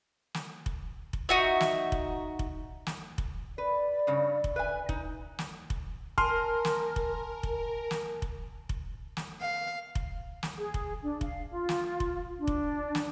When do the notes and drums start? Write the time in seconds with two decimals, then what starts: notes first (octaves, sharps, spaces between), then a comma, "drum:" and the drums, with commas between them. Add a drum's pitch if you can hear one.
0.34 drum: snare
0.66 drum: kick F1
1.13 drum: kick F1
1.29 D#4 F#4 E5
1.60 drum: snare
1.92 drum: kick F1
2.39 drum: kick F1
2.87 drum: snare
3.18 drum: kick F1
3.58 B4 D5
4.07 G2 C#3 C#5
4.44 drum: kick F1
4.56 B4 E5 G#5
4.89 D#4, drum: kick F1
5.39 drum: snare
5.70 drum: kick F1
6.18 A#4 G#5 A5 C6 F6, drum: kick F1
6.65 drum: snare
6.96 drum: kick F1
7.43 drum: kick F1
7.91 drum: snare
8.22 drum: kick F1
8.69 drum: kick F1
9.17 drum: snare
9.42 F5
9.95 drum: kick F1
10.43 drum: snare
10.57 G#4
10.74 drum: kick F1
11.02 D4
11.21 F5, drum: kick F1
11.49 F4
11.69 drum: snare
12.00 drum: kick F1
12.38 D4
12.47 drum: kick F1
12.95 drum: snare